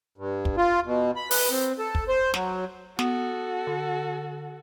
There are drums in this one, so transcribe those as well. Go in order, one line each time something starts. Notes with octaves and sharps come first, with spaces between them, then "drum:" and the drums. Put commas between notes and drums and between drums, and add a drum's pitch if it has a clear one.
G2
drum: kick
F4
B2
B5
B4, drum: open hi-hat
C4
A4
drum: kick
C5
F#3, drum: snare
B3 F#4 A4, drum: snare
D3